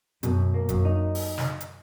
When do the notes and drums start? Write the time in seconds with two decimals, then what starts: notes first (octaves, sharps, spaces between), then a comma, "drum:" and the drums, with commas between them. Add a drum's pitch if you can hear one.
0.23 F#2 B2, drum: hi-hat
0.54 A#3
0.69 F#2, drum: kick D1, hi-hat
0.85 D#4
1.15 drum: open hi-hat
1.38 drum: snare
1.61 drum: hi-hat